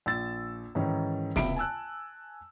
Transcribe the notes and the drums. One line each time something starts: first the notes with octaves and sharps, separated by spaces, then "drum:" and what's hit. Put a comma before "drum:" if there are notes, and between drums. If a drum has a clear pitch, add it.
A#1 E6 A6
G#2 D#3 E3 C#4
C#2 C3 E5 B5 D7, drum: snare
G#5 A5 E6 F#6